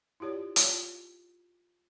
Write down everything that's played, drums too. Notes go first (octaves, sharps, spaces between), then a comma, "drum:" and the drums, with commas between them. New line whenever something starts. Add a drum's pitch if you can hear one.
E4 F4 G4 C#5 D5
F4 C#5, drum: hi-hat